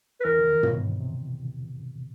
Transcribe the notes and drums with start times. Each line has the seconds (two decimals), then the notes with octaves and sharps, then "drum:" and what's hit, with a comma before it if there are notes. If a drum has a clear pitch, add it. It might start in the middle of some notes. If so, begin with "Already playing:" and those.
0.21 B4
0.24 E2 E3 A#4
0.39 D3
0.44 D#2 D#3
0.63 B2, drum: tom
0.81 A2
1.00 C3